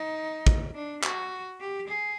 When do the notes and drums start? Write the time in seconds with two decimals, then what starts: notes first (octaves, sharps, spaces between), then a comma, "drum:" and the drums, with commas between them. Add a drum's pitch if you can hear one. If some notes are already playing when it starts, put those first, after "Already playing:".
Already playing: D#4
0.47 drum: kick
0.75 D4
1.03 F#4, drum: clap
1.60 G4
1.88 G#4